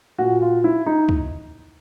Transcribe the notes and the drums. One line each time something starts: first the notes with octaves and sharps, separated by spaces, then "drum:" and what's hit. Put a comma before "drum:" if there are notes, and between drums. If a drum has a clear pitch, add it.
A#2 F#4
F4
E4
D#4
drum: kick C#2